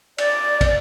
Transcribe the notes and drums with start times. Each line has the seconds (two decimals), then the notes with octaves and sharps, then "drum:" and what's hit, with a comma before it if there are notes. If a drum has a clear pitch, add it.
0.18 D5, drum: cymbal
0.61 drum: kick, cymbal